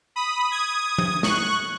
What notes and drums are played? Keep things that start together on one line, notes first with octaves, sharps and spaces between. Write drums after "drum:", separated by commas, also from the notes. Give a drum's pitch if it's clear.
B5 D#6
D#6 G#6
drum: tom F3
C#6 F#6, drum: snare